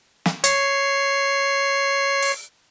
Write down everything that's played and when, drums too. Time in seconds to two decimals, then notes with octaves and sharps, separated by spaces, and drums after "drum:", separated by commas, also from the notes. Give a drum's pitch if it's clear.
0.26 drum: snare
0.44 C#5 C7, drum: hi-hat
2.22 drum: open hi-hat